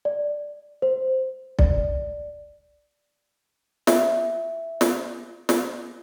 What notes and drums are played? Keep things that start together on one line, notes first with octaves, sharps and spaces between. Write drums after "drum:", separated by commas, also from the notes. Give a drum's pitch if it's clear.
D5
C5
D5, drum: kick B1
E5, drum: snare
drum: snare
drum: snare